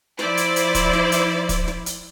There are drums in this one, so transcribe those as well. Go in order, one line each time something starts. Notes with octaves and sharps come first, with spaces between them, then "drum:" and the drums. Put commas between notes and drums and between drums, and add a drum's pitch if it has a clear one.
F3 E4 C5 D5, drum: snare
drum: hi-hat
drum: hi-hat
drum: kick, hi-hat
drum: snare
drum: hi-hat
drum: kick, hi-hat
drum: snare
drum: hi-hat